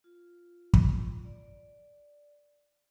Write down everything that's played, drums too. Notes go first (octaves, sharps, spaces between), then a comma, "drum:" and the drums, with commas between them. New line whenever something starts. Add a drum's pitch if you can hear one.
F4
drum: kick
D5